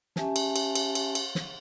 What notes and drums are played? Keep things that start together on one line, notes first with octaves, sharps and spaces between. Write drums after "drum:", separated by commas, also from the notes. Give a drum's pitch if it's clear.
C#4 G4 E5 G#5 A5, drum: snare
drum: cymbal
drum: cymbal
drum: cymbal
drum: cymbal
drum: cymbal
drum: snare